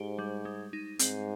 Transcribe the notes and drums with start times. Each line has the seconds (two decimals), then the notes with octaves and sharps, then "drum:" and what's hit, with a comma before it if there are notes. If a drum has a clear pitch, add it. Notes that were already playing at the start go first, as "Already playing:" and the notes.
Already playing: G#2 G4 C5
0.18 G3
0.45 G#3
0.73 D#4
0.99 G#2 C4, drum: hi-hat